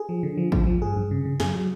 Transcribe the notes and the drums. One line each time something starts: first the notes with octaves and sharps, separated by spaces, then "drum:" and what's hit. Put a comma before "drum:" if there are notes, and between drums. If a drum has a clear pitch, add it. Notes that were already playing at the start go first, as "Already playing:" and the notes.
Already playing: G#4
F3
D3
F3
F3, drum: kick A1
F3
G2 G#4
G2
C#3
C#3
F#2 G#4, drum: snare
F#3